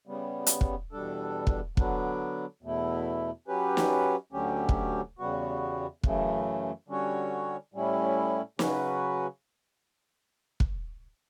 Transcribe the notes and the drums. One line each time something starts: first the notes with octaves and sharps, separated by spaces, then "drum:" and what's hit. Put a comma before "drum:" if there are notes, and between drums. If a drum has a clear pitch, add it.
C#3 G3 B3
drum: hi-hat
drum: kick
E2 B2 G3 D4 A4
drum: kick
D3 F#3 B3 D4, drum: kick
E2 B2 A3 E4
F#3 C#4 G4 B4
drum: snare
D2 D3 F#3 C#4 G4
drum: kick
E2 C#3 G3 B3 F#4
F#2 C#3 E3 A3, drum: kick
D3 G3 C#4 F#4 C#5
A2 G3 C#4 E4
C#3 F#3 C#4 F#4 B4, drum: snare
drum: kick